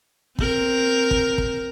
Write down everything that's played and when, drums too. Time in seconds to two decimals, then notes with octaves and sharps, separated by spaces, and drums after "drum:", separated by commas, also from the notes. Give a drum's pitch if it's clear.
0.39 C4 A#4, drum: kick
1.11 drum: kick
1.38 drum: kick